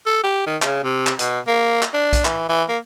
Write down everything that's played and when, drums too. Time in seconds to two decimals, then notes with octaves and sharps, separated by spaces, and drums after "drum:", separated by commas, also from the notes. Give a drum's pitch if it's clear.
0.06 A4
0.24 G4
0.46 D#3
0.62 C#3, drum: clap
0.84 C3
1.07 drum: clap
1.19 B2, drum: hi-hat
1.47 A#3
1.82 drum: clap
1.94 D4
2.13 drum: kick B1, hi-hat
2.25 E3, drum: clap
2.49 E3
2.69 A#3